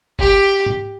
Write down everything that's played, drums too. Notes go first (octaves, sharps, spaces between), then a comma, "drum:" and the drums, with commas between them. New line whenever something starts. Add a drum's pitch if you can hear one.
G4, drum: kick G1
drum: tom G#2